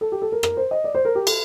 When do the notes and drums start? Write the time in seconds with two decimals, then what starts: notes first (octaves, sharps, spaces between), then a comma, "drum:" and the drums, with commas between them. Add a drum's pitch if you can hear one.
0.01 A4
0.12 G4
0.22 A4
0.32 A#4
0.43 A#4, drum: rim click
0.57 C5
0.71 D#5
0.84 D5
0.95 C5
1.05 A#4
1.15 G4
1.27 A4, drum: cymbal